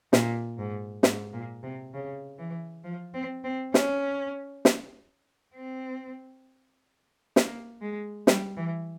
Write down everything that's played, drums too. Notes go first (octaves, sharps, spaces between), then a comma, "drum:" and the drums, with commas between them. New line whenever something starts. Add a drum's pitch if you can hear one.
A#2, drum: snare
G#2
G#2, drum: snare
A#2
C3
C#3
E3
F3
C4
C4
C#4, drum: snare
drum: snare
C4
A#3, drum: snare
G#3
G3, drum: snare
E3